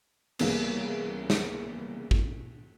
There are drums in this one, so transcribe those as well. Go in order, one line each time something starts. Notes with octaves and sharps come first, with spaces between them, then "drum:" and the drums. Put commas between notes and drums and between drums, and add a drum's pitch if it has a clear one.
C2 C#3 E3 A#3 B3, drum: cymbal
drum: snare
drum: kick